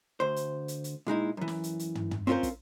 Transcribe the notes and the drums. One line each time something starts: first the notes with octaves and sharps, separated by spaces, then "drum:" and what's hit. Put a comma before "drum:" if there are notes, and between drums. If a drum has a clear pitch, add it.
D2 C5
drum: hi-hat
drum: hi-hat
drum: hi-hat
A#2 G#3 D#4 E4
F#2 E3
drum: snare
drum: hi-hat
drum: hi-hat
drum: tom
drum: tom
C4 C#4 F4 F#4 A#4 C5
drum: kick, hi-hat